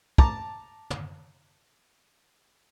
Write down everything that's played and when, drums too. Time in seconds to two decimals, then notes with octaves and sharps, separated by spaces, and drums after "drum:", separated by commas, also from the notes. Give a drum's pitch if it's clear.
0.18 A5 A#5 D6, drum: kick
0.90 drum: tom